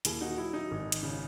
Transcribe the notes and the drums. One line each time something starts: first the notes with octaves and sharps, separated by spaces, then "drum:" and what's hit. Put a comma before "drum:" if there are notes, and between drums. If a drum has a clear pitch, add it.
D#2 E4 G#4, drum: hi-hat
D#4 F#4
F#3 E4
D#4
G#1
drum: hi-hat
C#3